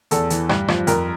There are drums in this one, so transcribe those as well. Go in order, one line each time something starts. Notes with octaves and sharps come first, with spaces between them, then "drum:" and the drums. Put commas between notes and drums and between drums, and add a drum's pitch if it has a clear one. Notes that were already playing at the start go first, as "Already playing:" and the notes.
E2 A4, drum: hi-hat
E3, drum: hi-hat
G2, drum: rim click
F3, drum: rim click
F2 A#4, drum: hi-hat